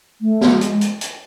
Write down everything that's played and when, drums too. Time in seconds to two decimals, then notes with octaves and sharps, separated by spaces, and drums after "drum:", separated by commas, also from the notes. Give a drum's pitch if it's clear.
0.21 A3
0.41 drum: snare
0.51 G#3
0.61 drum: hi-hat
0.81 drum: hi-hat
1.01 drum: hi-hat